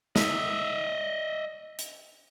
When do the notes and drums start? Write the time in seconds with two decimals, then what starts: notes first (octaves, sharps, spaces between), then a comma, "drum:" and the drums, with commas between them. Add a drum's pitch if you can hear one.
0.16 D#5 E5, drum: snare
1.79 drum: hi-hat